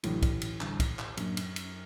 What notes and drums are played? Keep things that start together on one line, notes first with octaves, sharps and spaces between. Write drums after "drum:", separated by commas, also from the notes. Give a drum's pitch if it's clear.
A1 A2 C3 F#3 A3 D4, drum: cymbal
drum: kick, cymbal
drum: cymbal
D#2 D3 G3 D4, drum: clap
drum: kick, cymbal
drum: clap
F#2 A2 F#3 A#3 D4, drum: cymbal
drum: cymbal
drum: cymbal